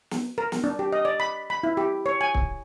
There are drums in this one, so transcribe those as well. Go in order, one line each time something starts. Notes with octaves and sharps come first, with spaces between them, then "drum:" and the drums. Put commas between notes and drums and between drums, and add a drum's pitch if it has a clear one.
drum: snare
A#4
drum: snare
D4
G4
D#5
D5
B5
B5
E4
G4
C#5
G#5
drum: kick